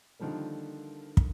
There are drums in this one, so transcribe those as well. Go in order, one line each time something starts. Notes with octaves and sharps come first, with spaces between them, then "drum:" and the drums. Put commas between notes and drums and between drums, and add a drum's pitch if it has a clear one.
D3 D#3 F3 G3 A#3
drum: kick